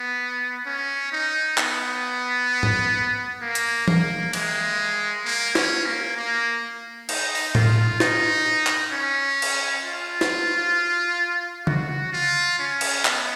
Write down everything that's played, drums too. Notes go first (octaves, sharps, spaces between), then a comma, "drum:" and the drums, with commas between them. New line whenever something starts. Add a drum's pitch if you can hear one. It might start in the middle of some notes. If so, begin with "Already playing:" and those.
Already playing: B3
C#4
D#4
B3, drum: clap
drum: tom G#2
A#3
drum: hi-hat
A#3, drum: tom E3
G#3, drum: cymbal
A#3
C#4, drum: snare
A#3
A#3
D#4, drum: cymbal
drum: open hi-hat
F4, drum: tom A2
D#4, drum: snare
drum: clap
C#4
drum: cymbal
F4
drum: snare
F#4, drum: tom C#3
F4
C#4
drum: cymbal
B3, drum: clap